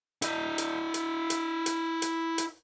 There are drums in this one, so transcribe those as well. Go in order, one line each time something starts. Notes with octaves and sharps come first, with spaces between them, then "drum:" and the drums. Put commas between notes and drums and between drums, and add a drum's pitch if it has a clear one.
E4 D#5, drum: hi-hat
drum: hi-hat
drum: hi-hat
drum: hi-hat
drum: hi-hat
drum: hi-hat
drum: hi-hat